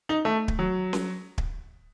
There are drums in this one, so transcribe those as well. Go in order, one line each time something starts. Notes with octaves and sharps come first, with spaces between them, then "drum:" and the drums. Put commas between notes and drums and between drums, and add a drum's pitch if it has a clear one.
D#4
A3
drum: kick
F#3
drum: snare C#4
drum: kick